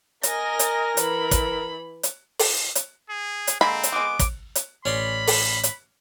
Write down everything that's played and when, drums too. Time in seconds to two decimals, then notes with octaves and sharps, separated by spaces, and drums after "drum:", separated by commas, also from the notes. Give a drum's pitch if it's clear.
0.23 A#4 D#5 G#5 A#6, drum: hi-hat
0.59 drum: hi-hat
0.97 E3 B5, drum: hi-hat
1.31 drum: kick, hi-hat
2.03 drum: hi-hat
2.39 drum: open hi-hat
2.75 drum: hi-hat
3.10 G#4
3.47 drum: hi-hat
3.61 D3 G#3 A#3 C4 B5
3.83 drum: hi-hat
3.92 G#3 B3 D6
4.19 drum: kick, hi-hat
4.55 drum: hi-hat
4.85 A1 C#4 D5 B5 C6
5.27 drum: open hi-hat
5.63 drum: hi-hat